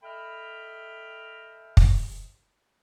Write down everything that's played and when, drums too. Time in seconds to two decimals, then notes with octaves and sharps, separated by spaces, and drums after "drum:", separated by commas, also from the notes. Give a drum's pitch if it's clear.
0.03 A4 D#5 E5 G5 B5 F6
1.77 drum: kick